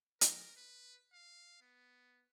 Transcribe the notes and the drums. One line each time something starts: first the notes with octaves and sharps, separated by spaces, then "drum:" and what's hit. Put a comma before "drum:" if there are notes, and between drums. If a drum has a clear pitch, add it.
A#4, drum: hi-hat
B4
F5
B3